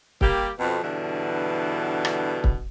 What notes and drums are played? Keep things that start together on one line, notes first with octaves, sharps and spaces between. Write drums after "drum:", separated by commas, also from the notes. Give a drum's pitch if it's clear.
G3 A#3 G4, drum: kick
F2 B2
G2 B2 D3 E3 B3
drum: rim click
drum: kick